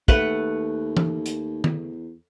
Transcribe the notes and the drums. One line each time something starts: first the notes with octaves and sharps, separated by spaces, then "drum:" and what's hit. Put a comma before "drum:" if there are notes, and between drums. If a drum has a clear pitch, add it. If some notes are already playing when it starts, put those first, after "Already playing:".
D#2 A3 B4 F#5, drum: kick
drum: tom E3
drum: hi-hat
E2, drum: tom D#3